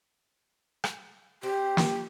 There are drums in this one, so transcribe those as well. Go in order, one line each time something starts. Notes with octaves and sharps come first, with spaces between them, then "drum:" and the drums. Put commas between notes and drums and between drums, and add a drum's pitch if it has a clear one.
drum: rim click
C4 G4
drum: snare